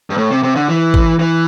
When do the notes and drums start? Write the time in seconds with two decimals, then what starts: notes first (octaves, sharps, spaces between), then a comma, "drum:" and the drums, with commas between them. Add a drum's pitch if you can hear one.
0.10 G2
0.18 A2
0.31 C3
0.43 C3
0.55 D3
0.69 E3
0.94 drum: kick G#1
1.19 E3